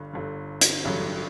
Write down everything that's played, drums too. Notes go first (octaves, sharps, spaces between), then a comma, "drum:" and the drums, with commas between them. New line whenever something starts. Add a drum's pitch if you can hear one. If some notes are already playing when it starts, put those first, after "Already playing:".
Already playing: G1 G2 D3
G1 G2 D3
drum: hi-hat
A1 G2 D3 F#3